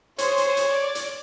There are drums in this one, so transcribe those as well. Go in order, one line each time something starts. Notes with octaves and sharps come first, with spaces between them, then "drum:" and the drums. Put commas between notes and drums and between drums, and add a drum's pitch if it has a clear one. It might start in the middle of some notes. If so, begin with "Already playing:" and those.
G#4 C5 C#5, drum: hi-hat
drum: hi-hat
drum: hi-hat
D5
drum: hi-hat